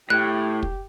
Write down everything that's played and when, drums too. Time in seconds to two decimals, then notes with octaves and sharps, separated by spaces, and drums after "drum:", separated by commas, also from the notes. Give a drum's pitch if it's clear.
0.10 A2 G4 F#6
0.63 drum: kick